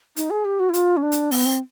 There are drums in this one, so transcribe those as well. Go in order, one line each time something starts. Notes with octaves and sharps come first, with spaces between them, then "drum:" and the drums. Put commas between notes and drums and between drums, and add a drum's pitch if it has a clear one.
D#4, drum: hi-hat
G#4
G4
F#4
E4
F4, drum: hi-hat
C#4
D4
drum: hi-hat
B3, drum: open hi-hat
C4